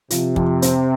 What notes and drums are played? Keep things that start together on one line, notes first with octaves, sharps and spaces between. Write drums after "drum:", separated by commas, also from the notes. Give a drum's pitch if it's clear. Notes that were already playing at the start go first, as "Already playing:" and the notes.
C3 F3, drum: hi-hat
F2, drum: kick
C4, drum: hi-hat